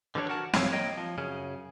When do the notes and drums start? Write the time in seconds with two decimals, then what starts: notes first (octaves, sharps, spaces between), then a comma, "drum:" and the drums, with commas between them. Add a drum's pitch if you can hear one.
0.15 D3 E3 G3 D4 C#5
0.29 F#4 A#4 F#5 A5
0.53 B1 G2 F3 E4 C#5 F5, drum: snare
0.72 A#3 C#5 D#5 G5
0.97 F3
1.18 F#2 C#3 C#4